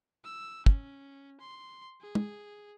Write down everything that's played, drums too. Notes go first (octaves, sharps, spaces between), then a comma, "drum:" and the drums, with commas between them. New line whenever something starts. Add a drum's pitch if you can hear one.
E6
C#4, drum: kick
C6
G#4
drum: tom